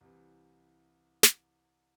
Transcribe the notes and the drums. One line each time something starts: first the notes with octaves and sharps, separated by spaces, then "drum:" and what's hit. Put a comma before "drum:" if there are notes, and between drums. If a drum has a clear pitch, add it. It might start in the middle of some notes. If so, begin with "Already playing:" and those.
C2 C3 E3
drum: snare